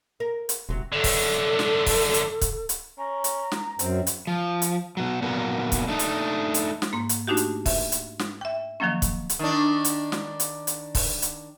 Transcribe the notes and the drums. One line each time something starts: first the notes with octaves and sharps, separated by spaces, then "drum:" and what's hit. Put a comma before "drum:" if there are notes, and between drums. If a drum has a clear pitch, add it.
A#4
drum: hi-hat
E1 C3 F#3
F#2 D3 A4
drum: kick, open hi-hat
drum: snare
drum: kick, open hi-hat
drum: hi-hat
drum: kick, hi-hat
drum: hi-hat
C#4 A#5
drum: hi-hat
drum: snare
F#2 C4, drum: hi-hat
drum: hi-hat
F3
drum: hi-hat
B2 F#3
A#2 F#3 A#3 B3
drum: kick, hi-hat
A3 D4 D#4
drum: hi-hat
drum: hi-hat
drum: snare
G#2 A#3
drum: hi-hat
A3 D4 D#4 F#4 G4
drum: hi-hat
E5, drum: kick, open hi-hat
drum: hi-hat
drum: snare
E5 G5
D#3 F3 F#3 A#3 C#4
drum: kick, hi-hat
drum: hi-hat
D#3 D4
drum: hi-hat
drum: snare
drum: hi-hat
drum: hi-hat
drum: kick, open hi-hat
drum: hi-hat